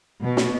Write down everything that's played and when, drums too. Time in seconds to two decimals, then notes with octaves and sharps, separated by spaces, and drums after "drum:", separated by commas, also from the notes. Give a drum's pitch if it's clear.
0.23 B2
0.37 drum: snare